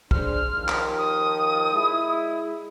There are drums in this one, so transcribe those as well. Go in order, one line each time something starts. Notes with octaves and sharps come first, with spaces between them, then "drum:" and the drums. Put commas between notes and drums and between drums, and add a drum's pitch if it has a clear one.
D4 G#4 C5 F6, drum: kick
D#2 D#3 F3
drum: clap
D#6
G#3 E4